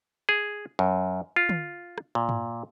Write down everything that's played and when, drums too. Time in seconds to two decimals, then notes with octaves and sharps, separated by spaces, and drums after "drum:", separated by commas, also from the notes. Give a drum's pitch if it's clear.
0.29 G#4
0.79 F#2
1.36 F4
1.49 drum: tom
1.98 drum: rim click
2.15 A#2
2.29 drum: tom